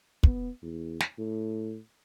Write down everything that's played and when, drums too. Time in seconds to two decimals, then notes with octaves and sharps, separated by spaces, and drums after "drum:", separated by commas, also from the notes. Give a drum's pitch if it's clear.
0.24 B3, drum: kick
0.63 E2
1.00 drum: snare
1.18 A2